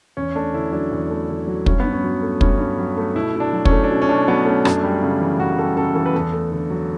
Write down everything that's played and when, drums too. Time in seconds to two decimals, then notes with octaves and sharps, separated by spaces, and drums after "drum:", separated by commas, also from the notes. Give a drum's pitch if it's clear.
0.17 E2 C#4
0.35 A3 D4
0.54 D3 E4
0.72 F#3 D4
0.92 E2
1.10 A3
1.29 D3
1.47 F#3
1.66 G2 C#4, drum: kick
1.80 G2 B3
1.93 C#4
2.04 F#3
2.22 A3
2.41 G2 C#4, drum: kick
2.59 G2
2.78 F#3
2.97 A3
3.15 B2 E4
3.34 B2 E4
3.40 D4
3.53 F#3
3.65 C#4, drum: kick
3.71 A3
3.84 D4
3.91 B2 C#4
4.02 C#4
4.09 B2 D4
4.28 F#3 B3
4.46 A3 C#4
4.65 F#2 D4, drum: rim click
4.83 G3
5.02 C#3
5.21 E3
5.40 F#2 F#4
5.58 G3 A4
5.77 C#3 A4
5.95 E3 A4
6.06 B4
6.15 E2 A4
6.33 A3
6.52 D3
6.70 F#3